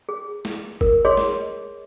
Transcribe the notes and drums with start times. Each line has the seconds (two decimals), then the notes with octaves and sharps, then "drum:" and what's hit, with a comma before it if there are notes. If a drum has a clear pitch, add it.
0.09 G#4
0.45 drum: snare
0.81 A#4, drum: kick
1.05 G#4 C#5 D#5 C6
1.17 drum: snare